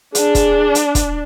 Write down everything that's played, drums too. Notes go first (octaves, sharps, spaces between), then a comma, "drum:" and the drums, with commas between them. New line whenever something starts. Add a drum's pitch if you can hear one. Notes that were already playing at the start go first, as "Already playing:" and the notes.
D4 G#4, drum: hi-hat
drum: kick, hi-hat
drum: hi-hat
drum: kick, hi-hat